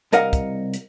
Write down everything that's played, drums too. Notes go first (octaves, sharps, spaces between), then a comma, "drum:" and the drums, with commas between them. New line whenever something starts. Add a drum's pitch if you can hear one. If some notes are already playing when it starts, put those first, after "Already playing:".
C2 C3 A#4 D#5 F5 F#5, drum: hi-hat
drum: kick, hi-hat
drum: hi-hat